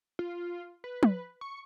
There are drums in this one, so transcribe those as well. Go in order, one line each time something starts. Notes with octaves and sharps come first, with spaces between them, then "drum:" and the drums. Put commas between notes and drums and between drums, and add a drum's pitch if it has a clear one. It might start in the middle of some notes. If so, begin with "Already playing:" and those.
F4
B4
drum: tom
C#6